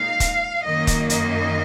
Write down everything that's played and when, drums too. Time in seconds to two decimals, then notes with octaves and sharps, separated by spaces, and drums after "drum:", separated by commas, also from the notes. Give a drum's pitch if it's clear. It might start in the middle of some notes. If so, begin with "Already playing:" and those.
Already playing: A#2 G#3 D#4 F5
0.20 drum: kick, hi-hat
0.65 F#2 D#3 A#3 D#5
0.87 drum: kick, hi-hat
1.10 D#5, drum: hi-hat